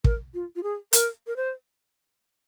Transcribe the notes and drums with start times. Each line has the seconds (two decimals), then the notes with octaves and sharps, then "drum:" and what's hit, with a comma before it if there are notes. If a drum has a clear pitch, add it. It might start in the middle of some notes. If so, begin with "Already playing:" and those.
0.04 A#4, drum: kick
0.34 F4
0.56 F4
0.63 G#4
0.93 A#4, drum: hi-hat
1.27 A#4
1.36 C5